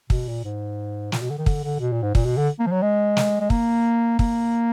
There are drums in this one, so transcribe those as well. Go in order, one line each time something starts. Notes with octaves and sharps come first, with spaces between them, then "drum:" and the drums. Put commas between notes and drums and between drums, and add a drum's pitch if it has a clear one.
B2, drum: kick
A#2
G#2
A#2, drum: snare
B2
D3
D#3
D3, drum: kick
D3
B2
A#2
G#2
A#2, drum: kick
B2
D3
A#3
F3
F#3
G#3
drum: snare
G#3
A#3, drum: kick
A#3, drum: kick